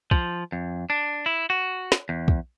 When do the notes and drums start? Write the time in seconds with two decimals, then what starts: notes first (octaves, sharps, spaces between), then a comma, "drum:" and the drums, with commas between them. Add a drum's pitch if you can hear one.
0.11 F3, drum: kick
0.52 F2
0.90 D4
1.26 E4
1.50 F#4
1.92 drum: snare
2.09 E2
2.28 drum: kick